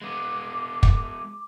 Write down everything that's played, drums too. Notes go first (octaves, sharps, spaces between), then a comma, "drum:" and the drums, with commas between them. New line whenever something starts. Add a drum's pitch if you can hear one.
G#3 B3 D6
drum: kick